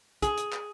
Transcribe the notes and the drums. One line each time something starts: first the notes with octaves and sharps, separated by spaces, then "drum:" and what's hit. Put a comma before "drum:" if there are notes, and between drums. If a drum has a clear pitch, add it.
G#4, drum: kick, hi-hat
drum: hi-hat
drum: clap